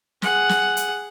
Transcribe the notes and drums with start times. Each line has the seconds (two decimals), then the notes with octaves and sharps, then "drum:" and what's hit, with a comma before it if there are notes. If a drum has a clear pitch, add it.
0.22 G#4 F#5, drum: snare
0.49 drum: snare
0.77 drum: hi-hat